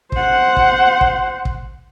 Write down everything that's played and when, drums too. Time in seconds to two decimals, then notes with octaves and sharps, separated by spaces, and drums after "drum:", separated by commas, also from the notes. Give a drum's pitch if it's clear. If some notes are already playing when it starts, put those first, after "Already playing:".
0.12 C5 F#5, drum: kick
0.57 drum: kick
1.01 drum: kick
1.45 drum: kick